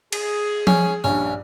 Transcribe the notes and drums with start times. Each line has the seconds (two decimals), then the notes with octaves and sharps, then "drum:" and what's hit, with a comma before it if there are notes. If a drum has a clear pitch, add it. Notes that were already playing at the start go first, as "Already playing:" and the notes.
0.12 G#4, drum: cymbal
0.67 C#4, drum: tom F3
1.04 A#1 G2 C#4